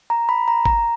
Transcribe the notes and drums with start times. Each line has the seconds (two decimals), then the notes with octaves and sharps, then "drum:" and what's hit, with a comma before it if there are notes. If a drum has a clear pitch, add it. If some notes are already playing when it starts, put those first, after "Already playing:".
0.10 A#5
0.29 B5
0.48 A#5
0.65 A#5, drum: kick G#1